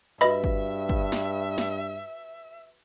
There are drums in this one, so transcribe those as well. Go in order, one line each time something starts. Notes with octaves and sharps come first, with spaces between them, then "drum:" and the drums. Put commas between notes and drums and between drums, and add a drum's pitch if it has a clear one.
G2 F#4 B4 D#5 E5 B5
drum: kick
drum: kick
drum: snare
drum: snare